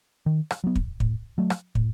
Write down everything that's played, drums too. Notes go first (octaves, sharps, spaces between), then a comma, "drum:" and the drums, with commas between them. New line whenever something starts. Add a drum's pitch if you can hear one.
D#3
drum: rim click
F#3 B3
drum: kick
A2, drum: kick
F#3 A3
drum: rim click
A2, drum: kick